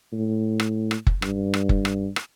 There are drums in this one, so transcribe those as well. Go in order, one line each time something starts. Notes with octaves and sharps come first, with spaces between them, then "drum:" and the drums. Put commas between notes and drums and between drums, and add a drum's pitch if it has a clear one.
A2
drum: rim click
drum: rim click
drum: kick F#1
G2, drum: rim click
drum: rim click
drum: kick F#1
drum: rim click
drum: rim click